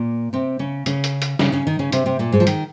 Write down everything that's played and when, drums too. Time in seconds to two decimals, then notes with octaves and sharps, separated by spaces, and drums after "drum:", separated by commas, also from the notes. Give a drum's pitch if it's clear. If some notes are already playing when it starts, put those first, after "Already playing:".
Already playing: A#2 A#3
0.33 C3 C4
0.59 C#3 C#4
0.86 C#3 C#4, drum: hi-hat
1.04 drum: hi-hat
1.22 drum: hi-hat
1.39 C#3 C#4, drum: snare G3
1.52 C#3 C#4
1.67 D#3 D#4
1.79 C#3 C#4
1.92 C3 C4, drum: hi-hat
2.06 C3 C4
2.19 A#2 A#3
2.32 G#2 G#3
2.40 F3
2.47 D#3, drum: hi-hat